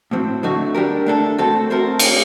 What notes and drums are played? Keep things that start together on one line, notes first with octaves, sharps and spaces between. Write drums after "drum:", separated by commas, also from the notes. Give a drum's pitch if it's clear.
A2 F#3 C4
D3 F#3 A3 D#4 F#4
G3 D4 G4 A#4
A3 D4 A4
A3 C4 F#4 A4
A3 C4 F#4 A#4
drum: cymbal